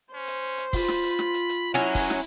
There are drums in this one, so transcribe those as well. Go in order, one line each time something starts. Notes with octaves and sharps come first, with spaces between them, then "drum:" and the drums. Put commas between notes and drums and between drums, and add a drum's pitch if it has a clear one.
C#4 C5
drum: hi-hat
drum: hi-hat
F4 B5, drum: kick, open hi-hat
drum: snare
drum: hi-hat
drum: snare
drum: hi-hat
drum: hi-hat
F#3 G#3 C#4 E4
drum: kick, open hi-hat
drum: snare